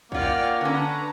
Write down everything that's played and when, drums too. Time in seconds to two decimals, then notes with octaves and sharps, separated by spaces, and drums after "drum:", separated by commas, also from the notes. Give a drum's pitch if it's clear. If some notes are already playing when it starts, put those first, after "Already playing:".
0.12 A#3 F4 C#5 D5 F#5 G5 F6, drum: kick
0.61 D3 C#4 B4 A5 A#5